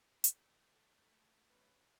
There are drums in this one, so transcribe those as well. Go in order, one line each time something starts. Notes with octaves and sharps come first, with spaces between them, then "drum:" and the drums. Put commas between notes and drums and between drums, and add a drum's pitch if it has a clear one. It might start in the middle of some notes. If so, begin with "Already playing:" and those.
A3, drum: hi-hat
F#3 C#4 B4